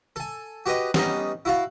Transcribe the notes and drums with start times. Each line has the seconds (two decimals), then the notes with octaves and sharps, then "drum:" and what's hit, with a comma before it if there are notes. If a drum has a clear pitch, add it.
0.16 A4 G#5
0.66 F#4 G4 B4 D#5
0.94 G3 B3 C#4 D#4 D#5, drum: snare
1.45 E4 F#4 F5